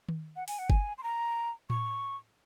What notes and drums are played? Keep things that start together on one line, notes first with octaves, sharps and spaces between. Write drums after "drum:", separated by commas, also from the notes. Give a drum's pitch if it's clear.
drum: tom D#3
F#5
G#5, drum: open hi-hat
F#5
G#5, drum: kick G1
C6
A#5
C#6, drum: tom A2